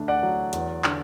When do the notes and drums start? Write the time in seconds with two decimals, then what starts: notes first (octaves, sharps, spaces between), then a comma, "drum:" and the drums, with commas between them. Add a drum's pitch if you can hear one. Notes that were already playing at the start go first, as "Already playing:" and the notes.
Already playing: D2 A3 D4
0.08 D5 F#5
0.23 F#3
0.53 E2, drum: hi-hat
0.84 D3, drum: clap